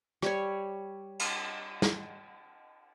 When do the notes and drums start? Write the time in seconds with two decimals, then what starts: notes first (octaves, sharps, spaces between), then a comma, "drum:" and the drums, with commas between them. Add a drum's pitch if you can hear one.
0.22 G3 C#5, drum: rim click
1.19 drum: cymbal
1.82 drum: snare